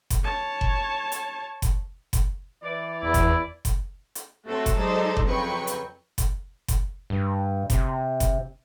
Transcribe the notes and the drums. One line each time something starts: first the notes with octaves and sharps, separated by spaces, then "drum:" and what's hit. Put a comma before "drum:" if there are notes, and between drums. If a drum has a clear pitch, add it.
drum: kick F#1, hi-hat
C#5 A5
drum: kick F#1
drum: hi-hat
drum: kick F#1, hi-hat
drum: kick F#1, hi-hat
E3 D5
E2 E4
drum: kick F#1, hi-hat
drum: kick F#1, hi-hat
drum: hi-hat
A3 C4 F#4 A4 C#5
drum: kick F#1, hi-hat
F#3 G#3 D#4 A4 C5 D5
drum: kick F#1
F2 C#3 F#3 B4 G5 C#6
drum: hi-hat
drum: kick F#1, hi-hat
drum: kick F#1, hi-hat
G2
C3, drum: kick F#1, hi-hat
drum: kick F#1, hi-hat